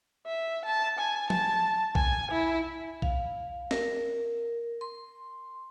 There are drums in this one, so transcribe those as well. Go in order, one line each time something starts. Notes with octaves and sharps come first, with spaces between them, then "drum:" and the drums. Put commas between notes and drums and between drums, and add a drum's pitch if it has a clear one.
E5
A5
G#5
A5, drum: tom F3
G#5, drum: kick B1
E4
F5, drum: kick B1
A#4, drum: snare
C6